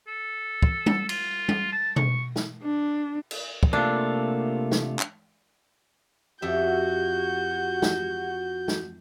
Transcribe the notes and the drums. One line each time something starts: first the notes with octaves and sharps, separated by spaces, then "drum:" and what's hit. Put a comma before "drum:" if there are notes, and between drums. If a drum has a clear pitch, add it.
A4
drum: kick
drum: tom G3
F4, drum: cymbal
drum: tom G3
A5
C#6, drum: tom B2
drum: snare
D4
drum: cymbal
drum: kick
C3 A3 A#3 D4 F4
drum: snare
drum: clap
F2 F#4 G4 E5 G6
drum: snare
drum: snare